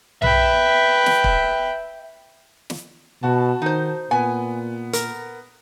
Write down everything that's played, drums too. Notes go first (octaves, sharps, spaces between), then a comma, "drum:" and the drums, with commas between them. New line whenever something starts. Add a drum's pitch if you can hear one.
B4 E5 G5, drum: tom B1
drum: snare
drum: kick
drum: snare
B2 F#4 A5
D#3 D#4 C5
A#2 B3 G#5
A#4, drum: hi-hat